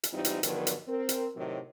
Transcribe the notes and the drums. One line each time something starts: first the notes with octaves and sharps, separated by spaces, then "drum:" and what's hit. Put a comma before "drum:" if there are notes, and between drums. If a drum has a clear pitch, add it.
drum: hi-hat
G#2 E3 G3 C4 D#4 F4
drum: hi-hat
G2 D3 D#3 F3 F#3 B3, drum: hi-hat
drum: hi-hat
C4 A#4
drum: hi-hat
A2 C3 D#3 F#3